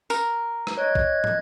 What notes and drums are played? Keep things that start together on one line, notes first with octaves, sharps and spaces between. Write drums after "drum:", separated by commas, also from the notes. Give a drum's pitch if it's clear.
A#4, drum: tambourine
drum: rim click
C#5 D#5 F#6 G#6
drum: kick
drum: tom